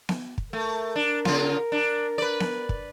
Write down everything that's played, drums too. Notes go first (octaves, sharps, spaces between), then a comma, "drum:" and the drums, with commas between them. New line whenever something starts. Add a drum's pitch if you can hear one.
drum: snare B3
drum: kick
A3 A#4
D4
C#3 F4, drum: snare B3
D4
B4 D5
drum: snare B3
drum: kick